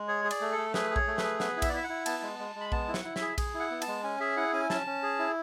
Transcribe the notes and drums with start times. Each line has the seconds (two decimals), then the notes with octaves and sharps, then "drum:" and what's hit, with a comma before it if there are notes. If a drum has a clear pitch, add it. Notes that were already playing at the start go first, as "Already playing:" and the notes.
Already playing: G#3
0.08 G#4 C#5
0.25 G#4
0.31 D5, drum: cymbal
0.41 A3
0.52 A4
0.58 A3
0.74 G#4 B4, drum: snare
0.91 G#4
0.96 C#5, drum: kick A#1
1.07 A3
1.18 B4, drum: snare
1.24 G#4
1.40 B3 B4, drum: snare
1.57 E4
1.62 E5, drum: kick A#1, cymbal
1.69 D5
1.73 E4 E5
1.84 F#5
1.89 E4
2.06 B3 A5, drum: cymbal
2.23 G#3
2.39 G#3
2.56 G#3
2.61 B5
2.72 B3 A5, drum: kick A#1
2.88 E4
2.94 F#5, drum: snare
3.05 E4
3.16 E5, drum: snare
3.21 G#4
3.38 G#4, drum: kick A#1, cymbal
3.54 E4
3.60 F#5
3.71 B3
3.82 A5, drum: cymbal
3.87 G#3
4.04 C#4 G#5
4.20 G#4 E5
4.37 E4 F#5
4.53 C#4 G#5
4.70 C#4 A5, drum: snare
4.87 C#4
5.03 G#4
5.19 E4